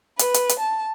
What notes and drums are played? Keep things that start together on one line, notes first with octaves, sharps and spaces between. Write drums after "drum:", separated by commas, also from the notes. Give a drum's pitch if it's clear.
B4, drum: hi-hat
drum: hi-hat
drum: hi-hat
A5